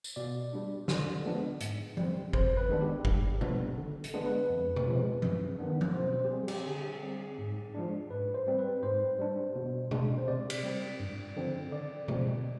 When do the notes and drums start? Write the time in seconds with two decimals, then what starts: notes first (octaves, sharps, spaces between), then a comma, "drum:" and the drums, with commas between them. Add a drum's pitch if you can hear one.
0.04 drum: tambourine
0.16 B2 D5
0.53 G3 D4
0.88 D3, drum: snare
1.25 F3 G#3 B3 D4
1.60 G#2, drum: hi-hat
1.97 G3 C4, drum: tom F3
2.33 F2 C5, drum: kick G1
2.57 B4
2.69 D#3 G#3 B3 D4
2.81 G4
3.05 G2, drum: kick G1
3.41 F3 B3 D4, drum: tom A#2
3.77 D3
4.04 drum: hi-hat
4.14 G#3 B3 D4
4.26 B4
4.50 F2
4.76 drum: tom B2
4.86 C3 F3 G#3
5.22 G2, drum: tom F3
5.58 D#3 B3 D4
5.81 drum: tom F3
5.94 B2 C5
6.13 C5
6.25 G4
6.31 G3 C4 G#4
6.48 G4, drum: cymbal
6.67 D3 G#4
7.03 G3 C4
7.38 G#2
7.75 F3 G#3 D4
8.10 G#2 B4
8.34 C5
8.47 G3 C4
8.59 B4
8.83 G#2 C5
9.19 G3 D4
9.56 B2
9.91 G#3 D4, drum: tom B2
10.18 C5
10.28 C3 D5
10.50 drum: cymbal
10.64 G3 C4
11.00 G2
11.36 D3 F3 C4
11.72 D3 D5
12.08 F3 G#3 C4, drum: tom B2